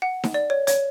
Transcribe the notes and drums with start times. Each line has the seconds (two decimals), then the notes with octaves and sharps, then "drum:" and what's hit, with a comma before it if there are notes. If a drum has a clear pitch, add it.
0.02 F#5
0.24 drum: snare D#4
0.34 D5
0.50 C#5
0.67 C#5, drum: hi-hat